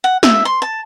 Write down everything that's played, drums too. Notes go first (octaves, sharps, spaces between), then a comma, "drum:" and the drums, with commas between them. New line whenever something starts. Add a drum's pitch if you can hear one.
F#5
E5, drum: snare
C6
A5